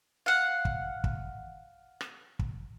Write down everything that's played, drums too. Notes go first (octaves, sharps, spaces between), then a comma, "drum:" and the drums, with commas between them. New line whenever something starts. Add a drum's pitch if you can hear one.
F5 F#5
drum: kick
drum: kick
drum: rim click
drum: kick